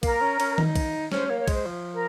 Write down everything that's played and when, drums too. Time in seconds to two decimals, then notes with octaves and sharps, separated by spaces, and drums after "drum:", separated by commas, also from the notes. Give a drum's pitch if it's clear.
0.03 A#3 A#4, drum: kick, cymbal
0.21 C#4
0.40 C#4, drum: cymbal
0.58 D#4, drum: tom D#3
0.75 drum: kick, cymbal
1.12 C#4 C5, drum: snare
1.25 C#5
1.30 A#3
1.38 C#5
1.48 G#3 C5, drum: kick, cymbal
1.66 F3
1.93 A#4